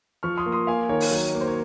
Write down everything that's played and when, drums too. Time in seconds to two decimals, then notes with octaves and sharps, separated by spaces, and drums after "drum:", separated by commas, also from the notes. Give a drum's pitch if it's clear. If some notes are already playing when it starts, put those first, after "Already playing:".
0.23 F3 C#6 F6
0.38 C6 D#6
0.46 A#3
0.52 C6 D#6
0.67 A#3 F5 G#5
0.89 D#3 A#4 C#5
1.00 drum: open hi-hat
1.11 F#3
1.35 A#3
1.41 C5
1.48 C#5